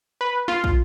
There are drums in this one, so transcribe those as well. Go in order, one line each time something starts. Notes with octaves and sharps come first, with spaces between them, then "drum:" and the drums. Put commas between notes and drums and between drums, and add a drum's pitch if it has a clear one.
B4
F4, drum: snare
drum: kick